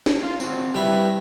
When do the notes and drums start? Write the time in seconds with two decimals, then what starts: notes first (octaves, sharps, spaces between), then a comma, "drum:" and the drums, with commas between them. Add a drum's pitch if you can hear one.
0.06 drum: snare
0.23 F4
0.40 C4 F#4, drum: tambourine
0.75 G3 E4 G4 B4